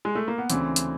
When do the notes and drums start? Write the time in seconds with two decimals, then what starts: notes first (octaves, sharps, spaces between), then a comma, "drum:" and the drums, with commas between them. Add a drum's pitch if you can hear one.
0.05 G#3
0.15 A3
0.28 A#3
0.38 B3
0.50 D2 C#3 E3 C4, drum: hi-hat
0.76 drum: hi-hat